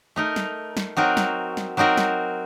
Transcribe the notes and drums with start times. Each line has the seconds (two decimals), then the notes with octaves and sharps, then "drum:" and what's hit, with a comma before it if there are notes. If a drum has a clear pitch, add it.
0.16 A3 D#4 A#4
0.36 drum: snare
0.77 drum: snare
0.97 F#3 C4 D#4 F#4 A#4
1.17 drum: snare
1.57 drum: snare
1.77 F#3 C4 D#4 F#4 A#4
1.97 drum: snare